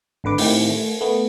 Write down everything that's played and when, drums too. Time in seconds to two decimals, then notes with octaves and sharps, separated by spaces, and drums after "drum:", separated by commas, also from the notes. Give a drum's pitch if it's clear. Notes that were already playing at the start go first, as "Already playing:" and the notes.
0.24 G#1 D3 B4 D6
0.38 A2 D#3 C4 E4 G4, drum: open hi-hat
0.69 A3
1.01 A3 B3